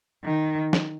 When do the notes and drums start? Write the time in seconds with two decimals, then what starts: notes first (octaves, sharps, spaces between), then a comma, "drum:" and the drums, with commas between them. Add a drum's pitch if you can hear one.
0.24 D#3
0.73 drum: snare